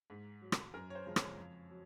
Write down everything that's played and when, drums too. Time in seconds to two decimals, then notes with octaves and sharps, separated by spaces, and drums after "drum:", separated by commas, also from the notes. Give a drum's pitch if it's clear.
0.10 G#2
0.42 F#3
0.52 drum: rim click
0.74 F#2 A#4
0.90 C#5
0.95 C5
1.06 C#3 F3 G#3
1.16 C#5, drum: rim click
1.37 F2
1.70 F#3